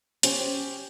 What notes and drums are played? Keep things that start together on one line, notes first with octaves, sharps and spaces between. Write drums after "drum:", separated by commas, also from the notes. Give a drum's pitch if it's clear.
C#4 G4 C5 G5, drum: hi-hat